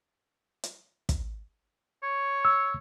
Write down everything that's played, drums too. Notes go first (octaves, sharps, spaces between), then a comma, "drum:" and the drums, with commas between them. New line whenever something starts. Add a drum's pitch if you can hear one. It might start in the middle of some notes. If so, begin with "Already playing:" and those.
drum: hi-hat
drum: kick, hi-hat
C#5
E6